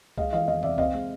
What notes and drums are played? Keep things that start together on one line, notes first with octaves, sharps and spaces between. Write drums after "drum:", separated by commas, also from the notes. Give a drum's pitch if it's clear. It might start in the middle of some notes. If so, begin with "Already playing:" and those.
G#3 D#5 F5, drum: kick C2
E3 D#5 F5
E2 D#5 F5
C3 D5 E5, drum: tom F2
C4 D#5 F5, drum: kick C2
G#3